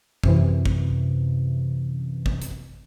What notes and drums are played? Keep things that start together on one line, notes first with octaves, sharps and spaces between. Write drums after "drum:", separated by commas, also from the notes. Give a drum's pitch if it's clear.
F#2 C3 E3, drum: kick
drum: kick
drum: kick
drum: hi-hat